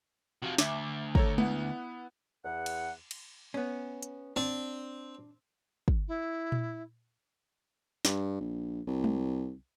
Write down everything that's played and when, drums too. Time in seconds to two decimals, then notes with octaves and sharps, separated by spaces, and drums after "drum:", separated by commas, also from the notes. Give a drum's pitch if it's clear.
0.42 C3 F3 F#4
0.58 D2 E5 D6, drum: snare
1.15 A4 C#5 A#5, drum: kick
1.38 B3 E4 F#5, drum: tom G#3
2.44 E2 F#5
2.66 drum: cymbal
3.11 drum: cymbal
3.54 B3 C#4
4.03 drum: hi-hat
4.36 C4 D4
5.88 drum: kick
6.07 E4
6.52 drum: tom A#2
8.05 G2, drum: snare
8.40 A#1
8.87 C2
9.04 drum: tom G#3